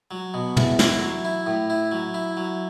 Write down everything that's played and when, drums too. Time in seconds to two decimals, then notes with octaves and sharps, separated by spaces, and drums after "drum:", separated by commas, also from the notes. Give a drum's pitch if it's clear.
0.11 F#3
0.34 B2
0.57 E2, drum: tom
0.79 E4, drum: snare
1.02 F#3
1.25 E4
1.47 A2
1.70 E4
1.91 F#3
2.14 E4
2.37 F#3